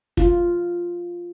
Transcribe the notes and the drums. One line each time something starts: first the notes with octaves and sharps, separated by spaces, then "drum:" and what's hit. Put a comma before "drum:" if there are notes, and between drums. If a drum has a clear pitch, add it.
F4, drum: kick